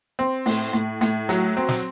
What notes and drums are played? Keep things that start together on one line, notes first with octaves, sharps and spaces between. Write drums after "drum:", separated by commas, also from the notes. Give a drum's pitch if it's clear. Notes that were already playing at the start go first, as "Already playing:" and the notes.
C4
A2, drum: open hi-hat
A2
A2, drum: hi-hat
F#3, drum: hi-hat
C4
drum: snare